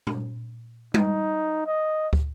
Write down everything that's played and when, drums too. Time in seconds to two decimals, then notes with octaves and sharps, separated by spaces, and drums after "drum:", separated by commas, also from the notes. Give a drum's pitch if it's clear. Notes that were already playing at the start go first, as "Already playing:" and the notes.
0.07 drum: tom
0.94 D#4, drum: tom G3
1.67 D#5
2.13 drum: kick